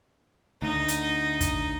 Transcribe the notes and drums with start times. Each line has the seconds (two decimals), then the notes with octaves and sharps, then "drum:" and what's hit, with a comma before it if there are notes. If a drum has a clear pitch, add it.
0.62 D2 D#4 D#5
0.88 drum: hi-hat
1.41 drum: kick, hi-hat